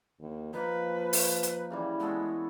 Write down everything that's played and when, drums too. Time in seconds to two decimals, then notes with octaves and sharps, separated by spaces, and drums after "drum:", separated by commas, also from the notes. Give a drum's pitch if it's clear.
0.20 D#2
0.54 F3 A#3 D#4 B4
1.13 drum: open hi-hat
1.43 drum: hi-hat
1.70 C#3 E3 G3
2.00 G#3 B3 A4 C#5